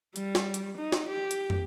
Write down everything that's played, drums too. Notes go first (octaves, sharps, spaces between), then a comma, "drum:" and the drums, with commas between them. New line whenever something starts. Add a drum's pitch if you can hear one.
G3, drum: hi-hat
drum: snare
drum: hi-hat
D#4
drum: snare
G4
drum: hi-hat
drum: tom